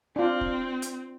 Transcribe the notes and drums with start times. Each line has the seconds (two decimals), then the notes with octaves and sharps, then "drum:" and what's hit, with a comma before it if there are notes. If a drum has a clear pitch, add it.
0.16 C4 D4 F4
0.41 drum: kick
0.82 drum: hi-hat